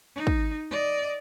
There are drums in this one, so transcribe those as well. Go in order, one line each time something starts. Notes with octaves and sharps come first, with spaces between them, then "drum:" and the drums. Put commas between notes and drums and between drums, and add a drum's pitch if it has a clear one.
D#4
drum: kick
D5 D#5